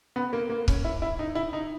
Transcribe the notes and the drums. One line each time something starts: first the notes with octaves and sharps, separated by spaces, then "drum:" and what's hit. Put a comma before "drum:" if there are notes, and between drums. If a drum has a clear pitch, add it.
B3
A#3
A#3
C#4, drum: kick C#1
E4
E4
D#4
E4
D#4